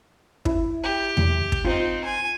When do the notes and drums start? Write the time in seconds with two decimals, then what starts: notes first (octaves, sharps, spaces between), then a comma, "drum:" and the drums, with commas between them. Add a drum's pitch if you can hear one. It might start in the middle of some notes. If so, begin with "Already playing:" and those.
0.45 E4, drum: kick
0.83 G4
1.17 drum: tom E2
1.52 drum: kick
1.64 C4 D#4 F4
2.05 G#5